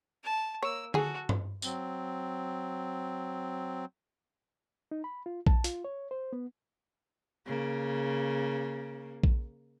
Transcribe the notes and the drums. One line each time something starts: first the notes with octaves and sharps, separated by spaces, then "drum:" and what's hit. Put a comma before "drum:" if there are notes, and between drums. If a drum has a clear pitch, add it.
A5
A#3 C#5 E6
F#3 F#4 G#4 A4, drum: tom D3
drum: tom G2
F#3 C4, drum: tambourine
D#4
B5
F4
A5, drum: kick A#1
F4, drum: hi-hat
C#5
C5
B3
C#3 A#3
drum: kick A#1